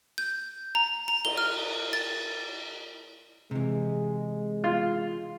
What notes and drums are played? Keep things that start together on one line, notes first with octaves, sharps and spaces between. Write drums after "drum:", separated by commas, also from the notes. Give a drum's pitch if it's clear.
G6
A#5
A#5
G7, drum: cymbal
F6
A6
C3 E3 G#3
F4